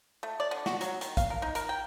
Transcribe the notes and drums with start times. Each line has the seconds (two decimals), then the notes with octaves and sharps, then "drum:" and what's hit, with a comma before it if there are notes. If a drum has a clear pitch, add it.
0.23 A3
0.40 D5
0.51 D3
0.66 F#4, drum: snare
0.81 F#3, drum: hi-hat
1.01 D#3, drum: hi-hat
1.17 F5, drum: kick, hi-hat
1.30 A#4
1.42 D#4
1.55 A#4, drum: hi-hat
1.69 G5